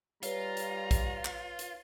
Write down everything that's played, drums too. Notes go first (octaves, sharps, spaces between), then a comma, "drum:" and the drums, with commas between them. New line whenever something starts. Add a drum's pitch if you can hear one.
G3 F4 B4 C#5 A#5, drum: hi-hat
drum: hi-hat
drum: kick A#1, hi-hat
drum: clap
drum: hi-hat